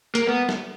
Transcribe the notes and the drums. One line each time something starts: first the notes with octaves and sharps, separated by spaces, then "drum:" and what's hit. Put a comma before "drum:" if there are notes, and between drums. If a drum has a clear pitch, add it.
A#3, drum: hi-hat
B3
drum: snare